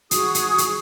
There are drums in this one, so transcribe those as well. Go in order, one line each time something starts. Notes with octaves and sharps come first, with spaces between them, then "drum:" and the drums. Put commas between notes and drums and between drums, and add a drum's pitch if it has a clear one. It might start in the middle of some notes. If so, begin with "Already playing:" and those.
F#4 G#4 C#6 D#6, drum: hi-hat
drum: hi-hat
drum: hi-hat